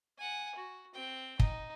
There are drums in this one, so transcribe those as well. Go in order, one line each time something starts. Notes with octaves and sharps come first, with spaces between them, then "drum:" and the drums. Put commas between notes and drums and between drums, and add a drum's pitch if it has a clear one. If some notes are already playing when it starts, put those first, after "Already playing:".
F#5 G#5
F#4
C4 G5
D#4, drum: kick